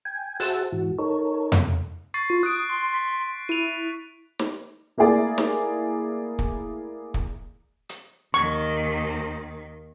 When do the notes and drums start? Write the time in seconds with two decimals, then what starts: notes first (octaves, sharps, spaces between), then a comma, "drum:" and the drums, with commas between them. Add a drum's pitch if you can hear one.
0.05 G5 G#5
0.40 F#4 G#4 C5 E5 F#5 A5, drum: open hi-hat
0.72 G#2 E3 F#4
0.98 D#4 A4 A#4 C#5
1.52 drum: tom F2
2.14 C#6 A6 C7
2.30 F4 C#6
2.43 D#6 F#6 D7
2.69 C6
2.94 B6
3.49 E4 D#7 F7
4.39 drum: snare
4.97 A3 A#3 E4 G#4 D5
5.38 drum: snare
6.39 drum: kick
7.14 drum: kick
7.89 drum: hi-hat
8.34 D#2 D#3 C#6